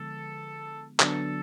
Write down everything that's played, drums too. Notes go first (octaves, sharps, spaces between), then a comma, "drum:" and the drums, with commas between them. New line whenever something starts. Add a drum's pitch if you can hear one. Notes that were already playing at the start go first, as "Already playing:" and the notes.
Already playing: D3 F3 G#3 B3 A4
D3 F#3 B3 D4 A4, drum: clap